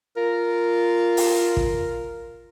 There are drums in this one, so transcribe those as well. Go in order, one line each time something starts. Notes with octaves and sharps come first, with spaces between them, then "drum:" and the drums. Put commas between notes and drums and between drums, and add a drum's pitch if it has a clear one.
F4 A#4
drum: open hi-hat
drum: kick